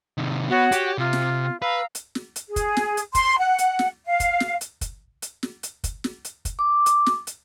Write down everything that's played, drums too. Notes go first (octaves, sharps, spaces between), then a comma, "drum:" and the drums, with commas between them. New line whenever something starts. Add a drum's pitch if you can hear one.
C3 D#3
B3 F#4 C#5 F#5
G4, drum: hi-hat
C3 F4
drum: snare
B4 F5 A#5 E6
drum: hi-hat
drum: snare
drum: hi-hat
G#4
drum: kick, hi-hat
drum: snare
drum: hi-hat
C6, drum: kick, hi-hat
F#5
drum: hi-hat
drum: snare
F5
drum: kick, hi-hat
drum: snare
drum: hi-hat
drum: kick, hi-hat
drum: hi-hat
drum: snare
drum: hi-hat
drum: kick, hi-hat
drum: snare
drum: hi-hat
drum: kick, hi-hat
D6
drum: hi-hat
drum: snare
drum: hi-hat